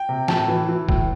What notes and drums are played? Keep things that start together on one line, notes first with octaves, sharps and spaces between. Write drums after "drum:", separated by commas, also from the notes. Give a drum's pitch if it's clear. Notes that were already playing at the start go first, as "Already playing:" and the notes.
Already playing: G5
C3
A2 A5, drum: snare
E3
E3
A2, drum: kick